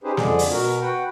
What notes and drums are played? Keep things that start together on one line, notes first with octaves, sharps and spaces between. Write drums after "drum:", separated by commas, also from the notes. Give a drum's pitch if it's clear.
C#4 D#4 G4 G#4 B4 C5
F2 D3 G#3 G#4 D5, drum: snare
drum: open hi-hat
B2 F#4 A#4
F#4 B4 F#5 G5